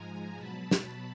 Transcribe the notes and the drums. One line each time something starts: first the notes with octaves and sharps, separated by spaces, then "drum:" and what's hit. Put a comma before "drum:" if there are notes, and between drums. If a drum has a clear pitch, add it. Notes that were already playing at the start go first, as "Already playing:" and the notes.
Already playing: G#2 F3 G#3 G#5 A#5
B2 F#3 A5 B5
drum: snare